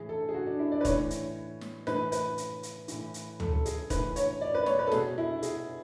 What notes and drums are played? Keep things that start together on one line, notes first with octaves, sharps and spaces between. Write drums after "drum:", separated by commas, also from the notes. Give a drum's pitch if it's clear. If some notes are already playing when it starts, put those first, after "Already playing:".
Already playing: A2 E3 G#4
A4
G#4
F#4
D4
E4
D5
B4
A2 E3 C#5, drum: kick, hi-hat
drum: hi-hat
drum: snare
A2 E3 B4, drum: snare
B4, drum: hi-hat
drum: hi-hat
drum: hi-hat
A2 E3, drum: hi-hat
drum: hi-hat
A4, drum: tom
A4
G#4, drum: hi-hat
A2 E3 B4, drum: kick, hi-hat
C#5, drum: hi-hat
D5
B4
C#5, drum: snare
B4
A4
B2 G#4, drum: snare
E4
G#4, drum: hi-hat